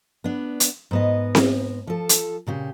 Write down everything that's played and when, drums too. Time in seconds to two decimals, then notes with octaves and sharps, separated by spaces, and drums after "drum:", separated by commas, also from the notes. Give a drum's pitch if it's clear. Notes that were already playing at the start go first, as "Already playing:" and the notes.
0.24 B3 D4
0.60 drum: hi-hat
0.91 G#2 B3 D#5
1.35 drum: snare C4
1.87 F3 A4
2.09 drum: hi-hat
2.47 A#2 C#3 G4